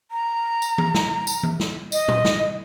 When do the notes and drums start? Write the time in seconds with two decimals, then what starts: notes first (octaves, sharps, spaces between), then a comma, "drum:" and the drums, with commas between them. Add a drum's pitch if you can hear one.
0.11 A#5
0.62 drum: tambourine
0.78 drum: tom E3
0.94 drum: snare
1.27 drum: tambourine
1.43 drum: tom E3
1.60 drum: snare
1.92 D#5, drum: tambourine
2.08 drum: tom A#2
2.25 drum: snare